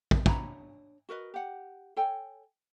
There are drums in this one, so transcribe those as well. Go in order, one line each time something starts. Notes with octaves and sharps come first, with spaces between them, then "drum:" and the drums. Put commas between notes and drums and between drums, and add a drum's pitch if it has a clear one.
drum: kick
D4 C#5 A#5 B5, drum: kick
F#4 A#4 B4 D#5
G4 F#5
A4 C#5 G5 G#5